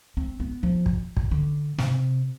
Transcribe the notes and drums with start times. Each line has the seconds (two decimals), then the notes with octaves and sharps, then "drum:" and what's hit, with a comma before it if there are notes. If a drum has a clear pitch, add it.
0.17 C4
0.40 B3
0.63 F3
0.86 drum: kick
1.17 drum: kick
1.31 D3
1.78 C3, drum: snare